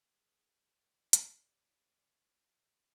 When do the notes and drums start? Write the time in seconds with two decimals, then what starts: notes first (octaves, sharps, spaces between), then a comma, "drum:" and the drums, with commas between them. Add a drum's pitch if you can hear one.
0.14 G#3 A#3 G#4
0.82 E3 G4 D5
1.13 drum: hi-hat
1.32 C#3